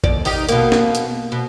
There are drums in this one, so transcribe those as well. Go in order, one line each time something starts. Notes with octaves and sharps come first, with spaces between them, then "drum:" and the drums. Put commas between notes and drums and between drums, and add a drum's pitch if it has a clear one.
D#2 D5, drum: kick
D#3 D#4 G4, drum: open hi-hat
B2 A#3, drum: hi-hat
drum: snare
drum: hi-hat
B2